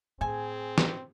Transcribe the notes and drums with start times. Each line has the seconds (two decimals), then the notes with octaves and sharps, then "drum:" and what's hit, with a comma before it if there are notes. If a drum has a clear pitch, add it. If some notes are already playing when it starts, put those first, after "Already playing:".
0.21 A2 C4 G#4 A4 G#5
0.78 drum: snare